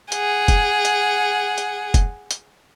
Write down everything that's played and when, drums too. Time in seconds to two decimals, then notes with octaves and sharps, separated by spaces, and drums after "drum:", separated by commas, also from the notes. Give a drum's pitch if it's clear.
0.12 G#4 F#5, drum: hi-hat
0.48 drum: kick F1, hi-hat
0.85 drum: hi-hat
1.58 drum: hi-hat
1.94 drum: kick F1, hi-hat
2.31 drum: hi-hat